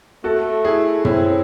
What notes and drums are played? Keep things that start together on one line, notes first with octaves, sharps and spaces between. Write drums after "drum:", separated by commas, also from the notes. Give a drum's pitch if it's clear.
A3 F#4 A4
E4 G#4
C4 C#4 E4, drum: tom